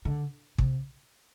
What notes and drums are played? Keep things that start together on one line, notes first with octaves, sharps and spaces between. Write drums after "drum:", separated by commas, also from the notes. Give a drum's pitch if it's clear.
D3
C3, drum: kick